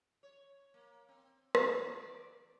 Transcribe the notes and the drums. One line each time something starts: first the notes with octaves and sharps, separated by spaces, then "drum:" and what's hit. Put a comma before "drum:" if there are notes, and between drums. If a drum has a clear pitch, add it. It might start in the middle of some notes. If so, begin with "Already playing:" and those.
C#5
A#3
C4
drum: rim click
E2
D5